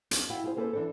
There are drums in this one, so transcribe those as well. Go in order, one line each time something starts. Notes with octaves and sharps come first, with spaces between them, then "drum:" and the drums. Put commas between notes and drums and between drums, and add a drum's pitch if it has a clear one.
F2, drum: hi-hat
E4 F#4 F5 G5
F4 G#4 C5
A#3 G#4 A4 B4 C5
E3 D4 A4